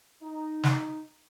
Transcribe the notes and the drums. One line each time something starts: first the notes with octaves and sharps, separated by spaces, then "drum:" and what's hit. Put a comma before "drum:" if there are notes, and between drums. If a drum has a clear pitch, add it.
D#4
drum: snare